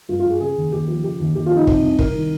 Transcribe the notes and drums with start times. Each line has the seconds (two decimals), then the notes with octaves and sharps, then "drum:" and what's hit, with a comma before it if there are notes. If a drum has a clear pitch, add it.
0.09 G2 F4
0.20 F4
0.25 G2
0.30 G#4
0.40 C#3 G#4
0.56 D#2
0.72 D#2 G4
0.88 F3
1.03 C#3 G4
1.19 D#2
1.35 D#2 G4
1.46 F4
1.51 F3
1.56 D#4
1.67 C3, drum: kick
1.83 C2
1.99 C2 A#4, drum: kick
2.15 D#3